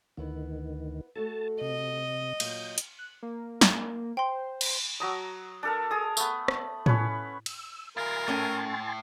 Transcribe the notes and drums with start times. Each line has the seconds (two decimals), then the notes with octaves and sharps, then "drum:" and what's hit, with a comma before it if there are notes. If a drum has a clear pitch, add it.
0.17 D2 D#3 B3 E4 B4
1.16 A3 F#4 A4 A5
1.61 C3 D#5
2.40 A#2 F#3 G6, drum: cymbal
2.78 drum: hi-hat
2.99 F#6
3.23 A#3
3.61 drum: snare
4.17 C5 G5 C6
4.61 drum: cymbal
5.00 F#3 A#5 D#6
5.63 D4 A4 A#4
5.91 G#4 D#6
6.17 A3 B3, drum: tambourine
6.48 drum: rim click
6.86 C#4 B4 C#5, drum: tom A2
7.46 E6, drum: cymbal
7.97 E4 A#4 F5 G#5 C6 A6
8.28 A2 A3 C#4 G5